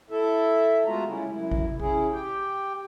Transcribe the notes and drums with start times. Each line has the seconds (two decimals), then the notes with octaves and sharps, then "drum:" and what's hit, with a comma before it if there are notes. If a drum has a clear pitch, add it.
0.10 E4 A4 E5
0.86 G#3 A3 B3 F4 F#4 A#5
1.07 C#3 G3 G#3 C#4 E4
1.26 F#2 E4
1.52 drum: kick G#1
1.80 C#4 E4 G#4, drum: kick G#1
2.12 G4 G5